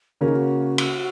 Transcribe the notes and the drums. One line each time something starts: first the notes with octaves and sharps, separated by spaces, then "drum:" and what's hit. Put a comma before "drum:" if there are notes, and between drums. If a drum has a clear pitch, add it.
C#3 A#3 C#4 F#4 A#4
D#4
F#4
drum: cymbal